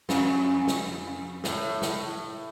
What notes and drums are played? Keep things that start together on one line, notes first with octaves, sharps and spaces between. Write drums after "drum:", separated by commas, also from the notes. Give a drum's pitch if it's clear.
F2, drum: snare
drum: snare
A2, drum: snare
drum: snare